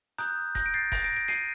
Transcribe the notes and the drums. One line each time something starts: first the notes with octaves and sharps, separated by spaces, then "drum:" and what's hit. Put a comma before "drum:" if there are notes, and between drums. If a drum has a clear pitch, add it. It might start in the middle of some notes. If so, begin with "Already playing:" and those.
A#5 D#6 F#6 G6, drum: hi-hat
G6 A#6, drum: kick F1, hi-hat
D7
A6 C7
A#6 D7, drum: kick F1, open hi-hat
A#6 D7
A#6 D7
C7 D#7, drum: hi-hat